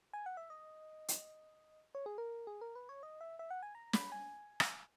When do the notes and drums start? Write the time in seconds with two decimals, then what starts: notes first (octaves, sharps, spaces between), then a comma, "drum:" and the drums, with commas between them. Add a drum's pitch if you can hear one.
0.13 G#5
0.26 F#5
0.37 E5
0.50 D#5
1.08 drum: hi-hat
1.95 C#5
2.06 G#4
2.18 A#4
2.47 G#4
2.61 A#4
2.75 B4
2.89 C#5
3.03 D#5
3.21 E5
3.39 E5
3.51 F#5
3.63 G#5
3.75 A#5
3.93 B5, drum: snare
4.12 G#5
4.60 drum: rim click